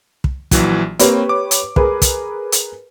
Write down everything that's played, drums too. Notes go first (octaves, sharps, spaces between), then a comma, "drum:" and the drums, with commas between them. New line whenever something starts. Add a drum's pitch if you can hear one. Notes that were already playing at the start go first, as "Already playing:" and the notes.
drum: kick
A#1 E3 F#3, drum: kick, hi-hat
A#3 C4 G4 B4 C#5, drum: hi-hat
D6
drum: hi-hat
G#4 A#4 B4, drum: kick
drum: kick, hi-hat
drum: hi-hat